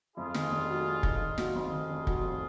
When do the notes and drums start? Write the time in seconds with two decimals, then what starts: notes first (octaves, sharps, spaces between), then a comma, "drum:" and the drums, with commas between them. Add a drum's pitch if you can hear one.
0.16 F2 F4 G#4
0.34 D#3, drum: snare
0.51 F1
0.69 F#3
0.85 F2
1.03 D#3, drum: kick
1.20 F1
1.38 F#3, drum: snare
1.54 F2 F4 G#4
1.72 D#3
1.89 F1
2.07 F#3, drum: kick
2.23 F2